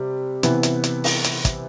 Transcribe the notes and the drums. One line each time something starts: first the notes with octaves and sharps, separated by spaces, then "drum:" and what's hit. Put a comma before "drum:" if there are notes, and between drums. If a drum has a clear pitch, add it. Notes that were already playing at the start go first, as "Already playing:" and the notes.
Already playing: C3 G3
C3 E3 B3 E4, drum: hi-hat
drum: hi-hat
drum: hi-hat
drum: open hi-hat
drum: hi-hat
drum: kick, hi-hat